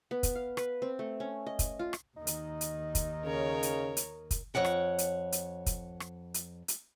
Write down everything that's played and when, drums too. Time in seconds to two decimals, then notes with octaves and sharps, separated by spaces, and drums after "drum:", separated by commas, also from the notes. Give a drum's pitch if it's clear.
0.11 B3
0.23 drum: kick, hi-hat
0.35 F5
0.57 B4, drum: rim click
0.82 C4
0.99 A3
1.20 C#4
1.47 D#5
1.59 drum: kick, hi-hat
1.79 F4
1.93 drum: rim click
2.17 D#2 D#3 D#4
2.27 drum: hi-hat
2.61 drum: hi-hat
2.95 drum: kick, hi-hat
3.25 C#3 A#4 C#5
3.63 drum: hi-hat
3.97 drum: hi-hat
4.31 drum: kick, hi-hat
4.54 F2 D#3 C#5 F#5 G5
4.65 drum: rim click
4.98 drum: hi-hat
5.32 drum: hi-hat
5.66 drum: kick, hi-hat
6.00 drum: rim click
6.34 drum: hi-hat
6.68 drum: hi-hat